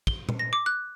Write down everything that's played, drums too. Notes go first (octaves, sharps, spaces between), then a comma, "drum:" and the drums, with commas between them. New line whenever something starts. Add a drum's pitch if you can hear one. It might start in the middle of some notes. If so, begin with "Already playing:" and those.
G7, drum: kick
drum: tom A#2
A#6
D6
F#6